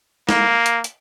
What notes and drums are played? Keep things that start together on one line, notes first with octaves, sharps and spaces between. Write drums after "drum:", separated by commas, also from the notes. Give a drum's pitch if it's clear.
A#3, drum: snare
drum: hi-hat
drum: hi-hat